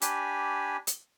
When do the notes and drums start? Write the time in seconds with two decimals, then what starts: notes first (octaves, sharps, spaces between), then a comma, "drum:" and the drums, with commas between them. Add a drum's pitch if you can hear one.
0.02 D4 G4 G#5 B5, drum: hi-hat
0.87 drum: hi-hat